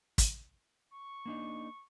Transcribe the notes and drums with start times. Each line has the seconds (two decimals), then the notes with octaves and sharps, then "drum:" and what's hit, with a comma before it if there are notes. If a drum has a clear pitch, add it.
0.18 drum: kick, hi-hat
0.93 C#6
1.26 A#3 D4 D#4